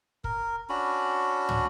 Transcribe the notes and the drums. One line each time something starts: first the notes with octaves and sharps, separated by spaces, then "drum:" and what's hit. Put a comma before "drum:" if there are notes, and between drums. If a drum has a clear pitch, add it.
A#4, drum: kick
C#4 D4 F#4 B5
drum: tom